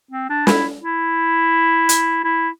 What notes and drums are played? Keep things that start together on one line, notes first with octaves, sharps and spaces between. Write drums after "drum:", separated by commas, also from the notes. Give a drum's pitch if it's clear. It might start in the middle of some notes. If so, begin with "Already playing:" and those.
C4
D4
E4, drum: snare
E4
drum: hi-hat
E4